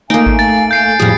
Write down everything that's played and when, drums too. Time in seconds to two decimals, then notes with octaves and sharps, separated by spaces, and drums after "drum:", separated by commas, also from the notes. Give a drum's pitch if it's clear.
0.10 A3 A#3 D#4 F5 G#5 D7
0.26 drum: kick G#1
0.39 A6
0.71 G6 C7 D7
1.00 F2 A2 G3 G#4 G5